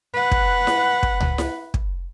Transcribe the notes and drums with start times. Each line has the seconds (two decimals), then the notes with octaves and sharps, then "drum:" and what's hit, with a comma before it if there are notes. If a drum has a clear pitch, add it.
0.14 B4 F#5
0.31 drum: kick
0.67 drum: snare E4
1.03 drum: kick
1.20 drum: tom C#2
1.38 drum: snare E4
1.74 drum: kick